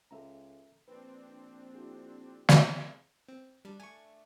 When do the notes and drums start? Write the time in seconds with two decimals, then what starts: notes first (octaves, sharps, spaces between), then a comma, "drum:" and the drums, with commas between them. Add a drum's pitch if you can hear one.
0.11 C#2 A4 E5 A#5
0.88 A#1 C4 D4 B4
1.75 E4 F#4 G#4
2.49 drum: snare
3.28 C4
3.65 G3 D4
3.80 A3 G#5 C#6